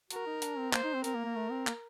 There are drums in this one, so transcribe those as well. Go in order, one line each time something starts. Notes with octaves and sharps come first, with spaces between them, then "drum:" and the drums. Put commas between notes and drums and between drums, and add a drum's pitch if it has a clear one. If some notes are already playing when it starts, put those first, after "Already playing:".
F#4 A#4, drum: hi-hat
D#4
D4, drum: hi-hat
C4
A#3 C5, drum: clap
D#4
C4
C4 A#4, drum: hi-hat
A#3
A#3
A3
C4
A#3, drum: clap